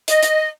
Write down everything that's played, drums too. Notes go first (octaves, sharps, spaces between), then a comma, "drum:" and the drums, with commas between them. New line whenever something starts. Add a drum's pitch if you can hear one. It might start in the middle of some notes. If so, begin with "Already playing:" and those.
D#5, drum: hi-hat
drum: hi-hat